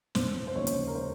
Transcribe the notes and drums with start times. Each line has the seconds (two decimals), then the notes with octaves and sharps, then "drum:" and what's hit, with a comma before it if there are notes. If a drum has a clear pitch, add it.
0.15 F1 C5, drum: snare
0.47 C5
0.56 D#2 C#3 F3 G#3 C#5
0.67 drum: hi-hat
0.87 A#4
0.95 C5